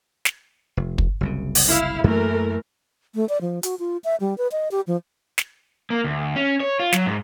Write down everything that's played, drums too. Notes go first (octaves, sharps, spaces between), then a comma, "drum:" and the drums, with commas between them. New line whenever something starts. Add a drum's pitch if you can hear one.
drum: snare
F1
drum: kick
F#1 C2 C#3
drum: open hi-hat
E4 F5
F#2 E3 A3 A#3 A#4
A3
D5
F3
F#4, drum: hi-hat
F4
E5
G3
B4
D#5
G4
F3
drum: snare
A#3
D2
C#4
C#5
F4
F#3, drum: snare
G#2